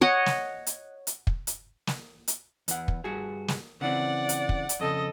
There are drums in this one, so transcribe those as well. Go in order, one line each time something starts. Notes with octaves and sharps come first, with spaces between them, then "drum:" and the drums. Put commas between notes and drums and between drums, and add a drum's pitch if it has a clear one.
C#5 D#5 F#5
drum: snare
drum: hi-hat
drum: hi-hat
drum: kick
drum: hi-hat
drum: snare
drum: hi-hat
E2 F#5, drum: hi-hat
drum: kick
G2 F#4 G#4
drum: snare
C#3 E3 C4 D5 F#5
drum: hi-hat
drum: kick
drum: hi-hat
F2 C#3 A4 D#5